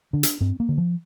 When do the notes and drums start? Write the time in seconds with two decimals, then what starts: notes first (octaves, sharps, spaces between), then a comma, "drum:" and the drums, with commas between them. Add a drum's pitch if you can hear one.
0.13 D3 D4
0.23 drum: hi-hat
0.41 G2 C4
0.60 A#3
0.69 D3
0.78 F3